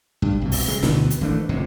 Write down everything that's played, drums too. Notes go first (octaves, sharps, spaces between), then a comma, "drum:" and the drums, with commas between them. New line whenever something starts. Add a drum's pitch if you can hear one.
G2, drum: kick
C2 B2
drum: open hi-hat
C#3 G#3
D2 B2 D3 E3, drum: snare
drum: hi-hat
G#1 E3 A3 D4
F1 C#2 F#2 C3